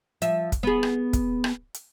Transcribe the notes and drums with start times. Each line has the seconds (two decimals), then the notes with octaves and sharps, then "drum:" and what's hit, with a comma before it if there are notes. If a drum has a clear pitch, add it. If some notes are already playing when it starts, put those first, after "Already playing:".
0.22 F3 E5, drum: hi-hat
0.52 drum: kick, hi-hat
0.63 B3 G#4
0.83 drum: rim click
1.13 drum: kick, hi-hat
1.44 drum: rim click
1.74 drum: hi-hat